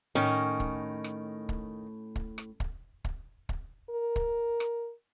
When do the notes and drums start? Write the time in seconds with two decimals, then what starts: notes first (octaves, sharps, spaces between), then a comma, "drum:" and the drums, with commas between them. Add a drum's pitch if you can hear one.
0.15 A2 D#3 C#4
0.60 drum: kick
1.04 drum: rim click
1.49 drum: kick
2.16 drum: kick
2.38 drum: rim click
2.60 drum: kick
3.04 drum: kick
3.49 drum: kick
3.90 A#4
4.16 drum: kick
4.60 drum: rim click